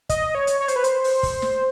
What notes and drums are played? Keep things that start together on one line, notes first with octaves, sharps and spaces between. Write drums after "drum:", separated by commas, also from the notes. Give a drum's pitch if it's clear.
D#5, drum: kick, hi-hat
C#5
drum: hi-hat
C#5
C5, drum: hi-hat
B4
C5, drum: hi-hat
drum: open hi-hat
drum: kick, open hi-hat
drum: snare